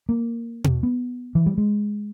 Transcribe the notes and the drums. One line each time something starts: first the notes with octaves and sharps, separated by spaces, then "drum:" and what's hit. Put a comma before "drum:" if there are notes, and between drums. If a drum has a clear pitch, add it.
A#3
drum: tom B2
B3
E3
G3
G#3